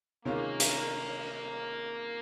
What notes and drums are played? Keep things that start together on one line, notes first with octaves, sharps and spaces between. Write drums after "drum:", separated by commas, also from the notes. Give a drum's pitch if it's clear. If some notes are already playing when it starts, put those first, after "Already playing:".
C3 D#3 G#3 A#3 C#4 F4
drum: hi-hat